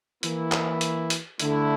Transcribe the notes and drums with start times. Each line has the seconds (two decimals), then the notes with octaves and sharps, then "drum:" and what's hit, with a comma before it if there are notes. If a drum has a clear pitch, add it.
0.23 E3 A#3 E4, drum: hi-hat
0.52 drum: clap
0.81 drum: hi-hat
1.10 drum: hi-hat
1.40 D3 A3 E4, drum: hi-hat